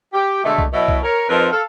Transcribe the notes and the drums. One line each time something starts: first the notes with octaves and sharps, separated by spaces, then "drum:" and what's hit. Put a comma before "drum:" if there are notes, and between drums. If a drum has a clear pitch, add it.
G4
B2 D3 G#3 A3
drum: kick C2
B2 F#3 E4
drum: kick C2
A#4 C#5
F2 F3 C4 D#4 A#4 B4
A4 F5